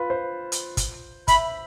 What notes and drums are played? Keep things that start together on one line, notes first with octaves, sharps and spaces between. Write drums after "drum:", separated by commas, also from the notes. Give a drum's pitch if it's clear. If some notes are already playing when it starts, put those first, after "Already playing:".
Already playing: F4 B4
C5
drum: hi-hat
drum: kick, hi-hat
E5 B5, drum: kick, hi-hat